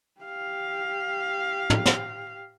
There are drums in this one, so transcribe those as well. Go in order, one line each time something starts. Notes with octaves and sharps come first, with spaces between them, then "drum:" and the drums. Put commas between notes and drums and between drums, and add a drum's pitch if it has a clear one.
G4 F5
drum: tom
drum: snare